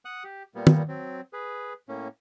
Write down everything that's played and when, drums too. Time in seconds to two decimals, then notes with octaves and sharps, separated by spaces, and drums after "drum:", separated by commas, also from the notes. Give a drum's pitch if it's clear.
0.05 F#5 D#6 F#6
0.24 G4
0.55 A#2 G3 A#3 B3
0.67 drum: tom
0.88 F#3 C4
1.33 G#4 B4
1.89 A2 A#3 C#4